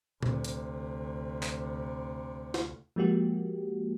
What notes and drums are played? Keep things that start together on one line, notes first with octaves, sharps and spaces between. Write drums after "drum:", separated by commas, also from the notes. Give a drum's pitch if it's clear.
D2 C3, drum: tom A#2
drum: hi-hat
drum: clap
drum: snare
F3 G#3 A#3 F#4 G4